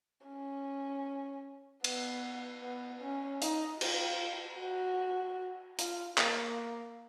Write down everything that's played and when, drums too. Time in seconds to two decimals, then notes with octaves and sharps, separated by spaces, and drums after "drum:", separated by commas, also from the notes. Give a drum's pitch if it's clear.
0.27 C#4
1.84 B3, drum: cymbal
2.63 B3
3.02 C#4
3.42 D#4, drum: hi-hat
3.81 F4, drum: cymbal
4.60 F#4
5.79 F4, drum: hi-hat
6.18 A#3, drum: clap